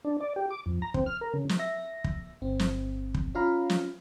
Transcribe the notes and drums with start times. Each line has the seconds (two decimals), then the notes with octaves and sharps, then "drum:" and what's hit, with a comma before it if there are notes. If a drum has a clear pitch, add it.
0.05 D4
0.21 D5
0.36 G4
0.51 D6
0.66 F2
0.82 A#5
0.94 C4, drum: kick
1.06 F6
1.21 A#4
1.34 C#3
1.49 drum: snare
1.59 E5 A#6
2.04 drum: kick
2.41 G1 C4
2.59 drum: snare
3.15 drum: kick
3.35 C#4 F4 F5 A#5 B5
3.70 drum: snare